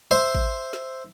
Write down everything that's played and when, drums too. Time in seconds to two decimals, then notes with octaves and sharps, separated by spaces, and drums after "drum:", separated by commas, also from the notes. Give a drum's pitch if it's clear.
0.11 C5 E5
0.35 drum: kick A1
0.73 drum: snare